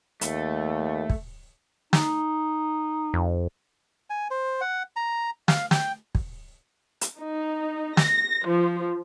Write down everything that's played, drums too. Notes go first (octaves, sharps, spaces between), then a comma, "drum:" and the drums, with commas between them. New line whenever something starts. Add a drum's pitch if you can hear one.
D#2 A3, drum: hi-hat
drum: kick
D#4, drum: snare
F2
G#5
C5
F#5
A#5
F5, drum: snare
G5, drum: snare
drum: kick
drum: hi-hat
D#4
A#6, drum: snare
F3